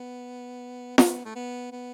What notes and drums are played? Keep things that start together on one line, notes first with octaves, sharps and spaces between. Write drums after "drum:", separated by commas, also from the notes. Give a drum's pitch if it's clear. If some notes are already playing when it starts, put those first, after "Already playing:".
Already playing: B3
B3, drum: snare
A3
B3
B3